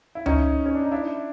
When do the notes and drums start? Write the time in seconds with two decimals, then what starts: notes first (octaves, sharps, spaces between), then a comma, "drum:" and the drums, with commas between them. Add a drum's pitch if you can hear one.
0.15 E4
0.26 C#4 D#4, drum: tom C#2
0.66 C#4
0.75 D4
0.83 D#4
0.92 D4 E4